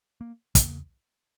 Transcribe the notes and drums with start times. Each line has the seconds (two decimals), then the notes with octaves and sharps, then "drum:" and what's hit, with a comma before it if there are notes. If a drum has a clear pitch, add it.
0.21 A#3
0.55 E2 C#3 A#3, drum: kick, hi-hat